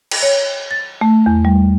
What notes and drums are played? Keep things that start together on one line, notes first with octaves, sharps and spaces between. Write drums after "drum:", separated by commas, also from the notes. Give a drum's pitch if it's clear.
drum: cymbal
C#5
A6
A3
E2
G3